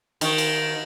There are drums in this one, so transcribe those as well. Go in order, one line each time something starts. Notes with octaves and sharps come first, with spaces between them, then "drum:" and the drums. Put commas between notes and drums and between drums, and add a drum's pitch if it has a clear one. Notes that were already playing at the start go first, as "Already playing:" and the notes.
D#3, drum: cymbal
drum: cymbal